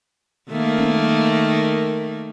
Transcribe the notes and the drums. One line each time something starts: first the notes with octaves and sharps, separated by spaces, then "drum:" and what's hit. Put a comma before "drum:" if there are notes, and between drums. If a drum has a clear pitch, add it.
D#3 A3 A#3
drum: tom